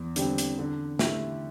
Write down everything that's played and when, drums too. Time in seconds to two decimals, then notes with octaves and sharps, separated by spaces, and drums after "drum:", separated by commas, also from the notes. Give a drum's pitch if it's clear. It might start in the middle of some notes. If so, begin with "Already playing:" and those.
Already playing: E2
0.16 D3 G3 C4 G4, drum: hi-hat
0.38 drum: hi-hat
0.58 D3
0.99 A3 E4 G4, drum: snare